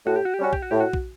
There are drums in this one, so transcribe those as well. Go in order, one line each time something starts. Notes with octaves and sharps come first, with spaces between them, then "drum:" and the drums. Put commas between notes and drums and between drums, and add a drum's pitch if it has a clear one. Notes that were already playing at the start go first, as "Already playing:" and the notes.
A2 F#4
G4
F#4
G4
G3 C#4 F#4
G4, drum: kick
F#4
A2 G4
F#4
drum: kick